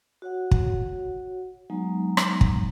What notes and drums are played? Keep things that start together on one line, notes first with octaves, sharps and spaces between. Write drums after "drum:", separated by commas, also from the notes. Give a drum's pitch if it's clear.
F#4 C#5 F#5
drum: kick
F#3 G#3 B3 D#4 A#5
drum: rim click
drum: kick